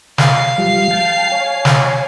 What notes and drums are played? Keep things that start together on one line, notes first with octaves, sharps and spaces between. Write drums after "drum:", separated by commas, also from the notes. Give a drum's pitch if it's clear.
F5 C7, drum: snare
F3 G3
G5 A5
C#5 G#5
drum: snare